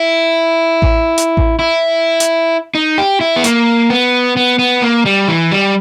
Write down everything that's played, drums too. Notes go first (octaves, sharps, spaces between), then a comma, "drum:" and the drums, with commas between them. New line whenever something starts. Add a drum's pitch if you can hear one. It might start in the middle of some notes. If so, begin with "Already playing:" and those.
Already playing: E4
drum: kick A1
drum: hi-hat
drum: kick A1
E4
drum: hi-hat
D#4
G4
E4
B3
A#3, drum: hi-hat
B3
B3
B3
A#3
G3
E3
G3